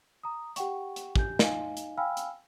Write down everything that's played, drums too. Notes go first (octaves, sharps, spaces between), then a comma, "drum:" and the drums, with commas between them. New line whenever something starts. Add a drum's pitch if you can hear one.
A#5 D#6
G4 F#5 G5 C#6, drum: hi-hat
drum: hi-hat
G4 G#5 G6, drum: kick
D#4 D#5 F5 G#5, drum: snare
drum: hi-hat
F5 G5 G#5 B5 E6 F6
drum: hi-hat